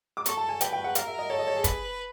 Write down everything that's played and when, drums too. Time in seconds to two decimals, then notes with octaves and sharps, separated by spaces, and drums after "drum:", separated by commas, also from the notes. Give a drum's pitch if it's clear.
0.17 D6
0.26 A4 C#6, drum: hi-hat
0.37 A5
0.49 G#5
0.61 B4 G5, drum: hi-hat
0.73 G5
0.84 F#5
0.95 A#4 F5, drum: hi-hat
1.07 E5
1.19 D#5
1.30 A4 C#5
1.39 D#5
1.47 C#5
1.56 G#4
1.64 B4, drum: kick, hi-hat